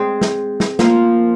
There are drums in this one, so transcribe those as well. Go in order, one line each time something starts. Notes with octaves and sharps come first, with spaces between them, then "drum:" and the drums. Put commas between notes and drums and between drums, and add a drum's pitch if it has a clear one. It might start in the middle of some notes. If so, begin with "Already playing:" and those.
Already playing: G#3 C4
drum: snare
drum: snare
F3 A#3, drum: snare